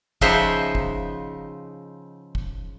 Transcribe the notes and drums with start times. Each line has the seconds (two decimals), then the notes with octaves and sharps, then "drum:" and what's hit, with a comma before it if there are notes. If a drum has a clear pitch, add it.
0.21 C#3 F3 D#4 C5 E5 F#5, drum: kick
0.75 drum: kick
2.35 drum: kick